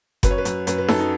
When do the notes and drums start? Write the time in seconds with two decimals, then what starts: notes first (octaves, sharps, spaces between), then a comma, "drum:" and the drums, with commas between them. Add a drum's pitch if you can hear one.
0.23 F#2 B4, drum: kick F#1, hi-hat
0.31 C#5
0.38 B4
0.45 F#2, drum: hi-hat
0.67 F#2 B4, drum: hi-hat
0.78 B4
0.88 F#2 A4, drum: snare D#4
0.99 D#4